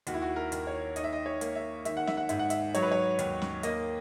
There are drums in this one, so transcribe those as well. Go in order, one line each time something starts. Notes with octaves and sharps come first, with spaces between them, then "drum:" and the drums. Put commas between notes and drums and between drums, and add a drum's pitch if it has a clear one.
D#2 F#4, drum: hi-hat
E4
F#4
A#4
D#2, drum: hi-hat
C#5
D#4 D#5, drum: hi-hat
E5
D#5
C#5
A#3, drum: hi-hat
E5
D#3 E5, drum: hi-hat
F#5
E5, drum: snare
F#5
G#2 E5, drum: hi-hat
F#5
E5, drum: hi-hat
F#3 C#5, drum: hi-hat
B4
C#5
D#2, drum: hi-hat
drum: snare
A#3 D#5, drum: hi-hat